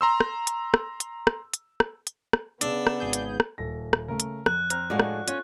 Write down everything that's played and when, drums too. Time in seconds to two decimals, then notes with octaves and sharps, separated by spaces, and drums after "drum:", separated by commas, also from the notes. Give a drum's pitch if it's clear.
0.01 A#5 C6 E6
0.20 drum: rim click
0.47 drum: hi-hat
0.74 drum: rim click
1.00 drum: hi-hat
1.27 drum: rim click
1.54 drum: hi-hat
1.80 drum: rim click
2.07 drum: hi-hat
2.33 drum: rim click
2.61 C#3 B3 D4 E6, drum: hi-hat
2.87 drum: rim click
3.00 G#1 G#4 G6
3.13 drum: hi-hat
3.40 drum: rim click
3.58 D#1 A4 A#6
3.93 drum: rim click
4.08 C#3 A3 A#4
4.20 drum: hi-hat
4.46 F2 F#6, drum: rim click
4.70 C4 A#5 F6, drum: hi-hat
4.90 A2 F3 G#3 D4 F#4 F5
4.99 drum: rim click
5.28 C#4 F4, drum: hi-hat